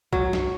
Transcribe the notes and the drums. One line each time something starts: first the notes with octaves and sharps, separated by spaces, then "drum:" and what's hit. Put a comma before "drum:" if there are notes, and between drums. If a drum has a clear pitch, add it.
F#3, drum: kick
drum: snare